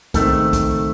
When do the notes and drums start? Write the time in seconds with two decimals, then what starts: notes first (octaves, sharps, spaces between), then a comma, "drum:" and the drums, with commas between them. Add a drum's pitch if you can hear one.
0.14 D#3 G#3 A3 C4, drum: kick B1, hi-hat
0.53 drum: kick B1, hi-hat